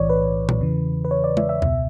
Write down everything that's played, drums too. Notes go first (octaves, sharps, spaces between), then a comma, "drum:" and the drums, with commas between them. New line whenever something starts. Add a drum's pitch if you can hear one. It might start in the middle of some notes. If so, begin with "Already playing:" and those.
Already playing: B1 A2 E3 C#5 D5
B4
drum: tom A#2
E2 C#3 E3
B4
C#5
D5
E5, drum: tom
E5
C#2 B2 E5, drum: tom E2